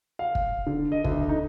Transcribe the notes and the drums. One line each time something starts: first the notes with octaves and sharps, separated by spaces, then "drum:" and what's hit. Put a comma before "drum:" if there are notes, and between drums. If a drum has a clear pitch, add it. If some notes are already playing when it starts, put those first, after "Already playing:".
F5
drum: kick
D3
D#5
D2, drum: kick
D#4